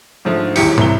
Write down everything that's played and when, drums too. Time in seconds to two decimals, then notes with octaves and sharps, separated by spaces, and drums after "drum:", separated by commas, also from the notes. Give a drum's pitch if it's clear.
0.25 G#2 D3 F3 A3
0.56 D#1 A1 E2 A2 G4 C#7, drum: open hi-hat
0.78 C2 C3 E4 G7, drum: tom